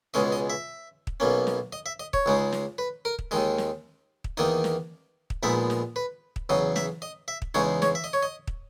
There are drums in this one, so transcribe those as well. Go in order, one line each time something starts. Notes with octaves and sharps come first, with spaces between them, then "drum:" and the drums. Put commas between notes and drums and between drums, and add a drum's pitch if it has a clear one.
C#2 B2 G#3 C#4 D#5
D#5
E5
drum: kick
B1 B2 A#3 C#4
drum: snare
D#5
E5
D#5
C#5, drum: kick
C#2 C#3 G#3 D#4
drum: snare
B4
A#4
drum: kick
D#2 D#3 G#3 D#5
drum: snare
drum: kick
E2 D#3 A#3 D#4 D#5
drum: snare
drum: kick
A#1 A#2 G#3 B3 D#4 E5
drum: snare
B4
drum: kick
E2 C#3 F#3 D#5
E5, drum: snare
D#5
E5
drum: kick
E2 C#3 G#3 D#4 C#5
C#5, drum: snare
E5
D#5
C#5
D#5
drum: kick